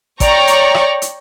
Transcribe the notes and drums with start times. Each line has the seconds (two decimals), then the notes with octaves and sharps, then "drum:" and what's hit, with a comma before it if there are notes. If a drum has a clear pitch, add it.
0.20 C#5 D5 G5 A#5 C#6, drum: kick, hi-hat
0.47 drum: hi-hat
0.75 drum: rim click
1.02 drum: hi-hat